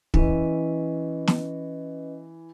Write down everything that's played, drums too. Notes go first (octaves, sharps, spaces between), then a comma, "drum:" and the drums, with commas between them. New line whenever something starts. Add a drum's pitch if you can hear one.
E3 C#4 B4 D#5, drum: kick
drum: snare